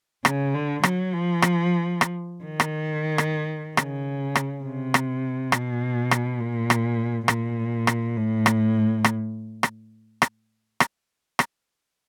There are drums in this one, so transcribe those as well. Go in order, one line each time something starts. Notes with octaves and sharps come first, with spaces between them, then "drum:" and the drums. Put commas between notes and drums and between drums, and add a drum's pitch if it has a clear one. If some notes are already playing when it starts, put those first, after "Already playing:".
C#3, drum: rim click
D3
F#3, drum: rim click
F3
drum: rim click
drum: rim click
D#3
drum: rim click
drum: rim click
C#3, drum: rim click
drum: rim click
C3
drum: rim click
B2, drum: rim click
drum: rim click
A#2
drum: rim click
A#2, drum: rim click
drum: rim click
A2
drum: rim click
drum: rim click
drum: rim click
drum: rim click
drum: rim click
drum: rim click